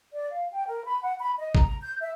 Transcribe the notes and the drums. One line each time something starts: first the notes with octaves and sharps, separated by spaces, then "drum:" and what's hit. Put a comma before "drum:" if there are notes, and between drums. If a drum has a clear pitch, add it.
D5
F5
G5
A#4
B5
F#5
B5
D#5
A#5, drum: kick A1
G6
E5